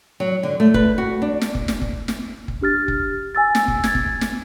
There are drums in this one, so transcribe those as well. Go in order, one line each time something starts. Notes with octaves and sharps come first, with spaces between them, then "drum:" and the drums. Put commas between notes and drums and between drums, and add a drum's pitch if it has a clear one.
F#3
D3
A3
B4, drum: kick
F#4
D4
drum: snare
drum: kick
drum: snare
drum: kick
drum: snare
drum: kick
D4 G4 F6 A6
drum: kick
G#5 E6 A6
drum: snare
drum: kick
G#6 A6, drum: snare
drum: kick
drum: snare